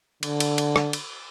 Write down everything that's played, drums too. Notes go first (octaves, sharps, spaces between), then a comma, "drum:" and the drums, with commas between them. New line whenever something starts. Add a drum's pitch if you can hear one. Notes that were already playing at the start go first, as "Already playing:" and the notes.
D3, drum: cymbal
drum: cymbal
drum: cymbal
drum: rim click
drum: cymbal